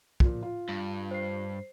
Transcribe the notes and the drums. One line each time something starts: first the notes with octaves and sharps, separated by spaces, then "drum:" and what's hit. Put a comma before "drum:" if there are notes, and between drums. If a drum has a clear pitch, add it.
A#2 F3, drum: kick
F4
G2
C5 C7